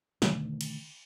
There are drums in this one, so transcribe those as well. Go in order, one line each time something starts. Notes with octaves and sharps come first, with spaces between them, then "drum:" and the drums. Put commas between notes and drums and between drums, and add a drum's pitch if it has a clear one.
B2 D3 D#3 A3, drum: snare
drum: cymbal